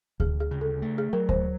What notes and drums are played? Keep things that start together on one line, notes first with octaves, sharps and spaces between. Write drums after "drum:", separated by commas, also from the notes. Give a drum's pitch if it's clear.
D2 G#4, drum: kick D2
G#4
C#3
A4
A3
G#4
F#3 A#4
C5, drum: kick D2